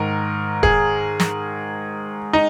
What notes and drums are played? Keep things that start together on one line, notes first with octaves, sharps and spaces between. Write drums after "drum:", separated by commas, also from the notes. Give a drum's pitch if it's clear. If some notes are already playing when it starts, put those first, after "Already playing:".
Already playing: G#2 D#3 A#4
G#4, drum: kick
drum: snare
D#4